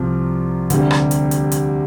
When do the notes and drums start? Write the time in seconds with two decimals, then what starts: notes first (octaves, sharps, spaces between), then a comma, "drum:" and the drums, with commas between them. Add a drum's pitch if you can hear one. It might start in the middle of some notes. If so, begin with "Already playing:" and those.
Already playing: C2 C3 F3
0.70 D2 C3 G3, drum: hi-hat
0.91 drum: rim click
1.11 drum: hi-hat
1.31 drum: hi-hat
1.52 drum: hi-hat